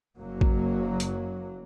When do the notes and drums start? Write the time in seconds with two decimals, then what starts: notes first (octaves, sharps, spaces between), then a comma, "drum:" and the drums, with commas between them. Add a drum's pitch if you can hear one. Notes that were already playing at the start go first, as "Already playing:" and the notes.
0.17 F#1 F#3 A#3
0.41 drum: kick A1
1.00 drum: hi-hat